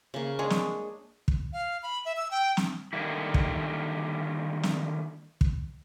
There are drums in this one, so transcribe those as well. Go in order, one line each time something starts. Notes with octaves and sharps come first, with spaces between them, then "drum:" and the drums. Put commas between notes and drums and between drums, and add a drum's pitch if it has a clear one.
C#3 A#3
G#3 D4 G#4 C#5
drum: snare
drum: kick
F5
B5
E5
E6
G5
drum: snare
D3 D#3 G3 A#3 E4
drum: kick
drum: snare
drum: kick